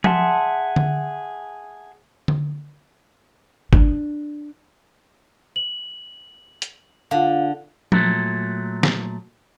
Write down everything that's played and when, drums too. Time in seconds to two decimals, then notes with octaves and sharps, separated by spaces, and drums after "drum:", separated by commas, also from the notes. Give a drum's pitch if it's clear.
0.04 G#4 E5 F#5 A5 C6, drum: tom F3
0.76 drum: tom D3
2.28 drum: tom D3
3.73 D4, drum: kick
5.56 F#7
6.62 drum: hi-hat
7.11 D3 F4 F5
7.92 A#2 F#3 A3, drum: tom F3
8.83 drum: snare